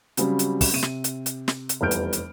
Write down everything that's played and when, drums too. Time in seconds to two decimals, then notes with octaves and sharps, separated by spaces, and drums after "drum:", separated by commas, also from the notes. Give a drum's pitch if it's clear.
0.17 C#3 F#3 G3 C4, drum: hi-hat
0.39 drum: hi-hat
0.61 drum: kick, open hi-hat
0.73 C3 D#7
0.83 drum: snare
1.04 drum: hi-hat
1.26 drum: hi-hat
1.48 drum: snare
1.69 drum: hi-hat
1.81 F1 E2 G3 F6 G6 D7
1.91 drum: hi-hat
2.13 drum: hi-hat